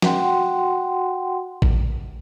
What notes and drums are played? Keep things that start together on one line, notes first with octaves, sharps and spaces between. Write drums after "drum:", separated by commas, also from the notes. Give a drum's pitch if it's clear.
F#4 F#5 G5 C6, drum: snare
drum: kick A1